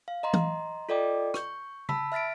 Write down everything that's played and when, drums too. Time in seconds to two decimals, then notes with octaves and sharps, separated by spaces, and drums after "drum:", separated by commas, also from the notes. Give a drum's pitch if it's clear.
0.08 F5
0.23 D#5 A#5 C6
0.34 drum: tom E3
0.89 F4 A4 D5 D#5 G5 D6
1.34 C#6 G6, drum: rim click
1.89 A5 B5 E6 B6, drum: tom C#3
2.12 E5 F6 A6 B6 D7